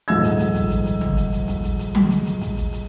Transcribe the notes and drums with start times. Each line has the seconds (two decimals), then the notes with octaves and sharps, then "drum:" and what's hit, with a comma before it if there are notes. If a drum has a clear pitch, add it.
0.08 D#1 G#2 F3 D#5 E6 G#6
0.23 drum: hi-hat
0.39 drum: hi-hat
0.54 drum: kick, hi-hat
0.70 drum: hi-hat
0.86 drum: hi-hat
1.01 drum: tom
1.17 drum: hi-hat
1.32 drum: hi-hat
1.48 drum: kick, hi-hat
1.63 drum: hi-hat
1.79 drum: hi-hat
1.95 drum: tom
2.10 drum: hi-hat
2.26 drum: hi-hat
2.41 drum: kick, hi-hat
2.57 drum: hi-hat
2.73 drum: hi-hat